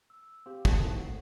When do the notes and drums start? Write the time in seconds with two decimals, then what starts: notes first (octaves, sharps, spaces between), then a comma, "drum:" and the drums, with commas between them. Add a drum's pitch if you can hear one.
0.10 E6
0.46 C4 G4 F5
0.65 D#4 E4 A#4 A5, drum: kick
0.79 A3 C4 F#4
1.02 C7